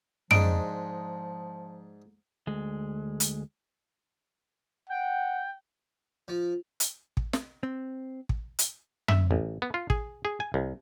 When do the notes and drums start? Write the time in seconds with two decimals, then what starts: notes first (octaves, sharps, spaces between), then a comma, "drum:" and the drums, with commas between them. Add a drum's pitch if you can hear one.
0.31 G#2 F3 D4 D#4 D7, drum: tom
2.47 D2 G#3
3.20 drum: hi-hat
4.90 F#5 G5
6.28 F3
6.80 drum: hi-hat
7.17 drum: kick
7.33 drum: snare
7.63 C4
8.29 drum: kick
8.59 drum: hi-hat
9.08 E5, drum: tom
9.31 A1
9.62 B3
9.74 F4
9.90 G#4, drum: kick
10.25 G#4
10.40 G#5
10.54 C2